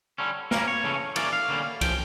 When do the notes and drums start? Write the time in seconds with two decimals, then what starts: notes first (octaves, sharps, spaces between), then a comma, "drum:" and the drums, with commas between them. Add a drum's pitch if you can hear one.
0.18 D3 G3 C#4
0.51 A#2 G3 A#3 C#4 A#4, drum: snare
0.68 C#5
0.84 C#3 E3 A3 C#4
1.16 E3 A#3 C#4 D5, drum: cymbal
1.33 F5
1.49 D3 G3 A#3 C#4
1.81 A2 F3 C#4 G5, drum: kick C2, cymbal